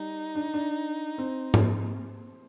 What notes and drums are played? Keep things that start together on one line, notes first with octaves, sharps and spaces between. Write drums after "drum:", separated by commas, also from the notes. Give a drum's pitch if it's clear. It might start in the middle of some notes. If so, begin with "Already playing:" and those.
Already playing: G3 D#4
D4
D4
C4
drum: tom G#2